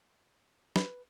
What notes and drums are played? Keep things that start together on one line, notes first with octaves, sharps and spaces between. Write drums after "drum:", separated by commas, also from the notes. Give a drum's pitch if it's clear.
B4, drum: snare